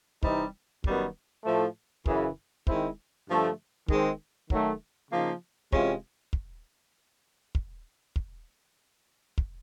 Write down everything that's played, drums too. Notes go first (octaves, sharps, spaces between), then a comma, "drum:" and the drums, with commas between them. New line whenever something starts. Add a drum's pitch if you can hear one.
C3 E3 G3 C4 D#4, drum: kick
F#2 D#3 G3 B3, drum: kick
A2 F3 A3
F#2 C#3 E3, drum: kick
D#3 G#3 C4 E4, drum: kick
G2 D3 F3 A3
D#3 G#3 C4, drum: kick
D#3 F#3 A3, drum: kick
C#3 F3 A#3 D#4
C3 E3 G#3 C#4 F4, drum: kick
drum: kick
drum: kick
drum: kick
drum: kick